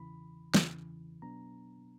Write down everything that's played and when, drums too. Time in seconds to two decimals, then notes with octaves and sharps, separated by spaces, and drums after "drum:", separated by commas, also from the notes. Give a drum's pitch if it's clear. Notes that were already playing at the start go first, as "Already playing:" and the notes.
Already playing: E2 C#3 E3 B5
0.54 E2 C#3 E3, drum: snare
1.22 B2 F#3 B3 D4 A#5